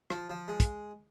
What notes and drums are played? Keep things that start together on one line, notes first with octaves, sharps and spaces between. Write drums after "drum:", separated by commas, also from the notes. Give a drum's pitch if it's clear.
F3, drum: rim click
F3
G#3
drum: kick, hi-hat